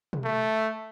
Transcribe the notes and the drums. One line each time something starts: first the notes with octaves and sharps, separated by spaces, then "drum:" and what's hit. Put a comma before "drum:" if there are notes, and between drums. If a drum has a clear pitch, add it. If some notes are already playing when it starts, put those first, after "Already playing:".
drum: tom B2
A3